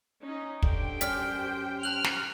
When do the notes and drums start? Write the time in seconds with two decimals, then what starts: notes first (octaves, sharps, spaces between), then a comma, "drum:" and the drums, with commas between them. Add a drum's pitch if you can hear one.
0.22 C#4 D#4
0.62 D3 G4 C5 G5, drum: kick
1.01 F#2 C#4 D5 F6 B6, drum: hi-hat
1.83 A5 F6 F#6 F#7
2.04 drum: snare